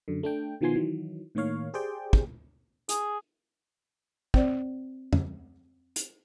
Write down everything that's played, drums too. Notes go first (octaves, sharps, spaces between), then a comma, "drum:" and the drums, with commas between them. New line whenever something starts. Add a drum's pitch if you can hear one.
F#2 D3
A3 D4 G5
B2 D#3 F3 B3 G#5 C6
D#3 E3 F#3
A2 D#3 A#3 C#5 F5
G4 G#4 C5 D5 G5
drum: kick
G#4, drum: hi-hat
C4 C5 D5, drum: kick
drum: tom F2
drum: hi-hat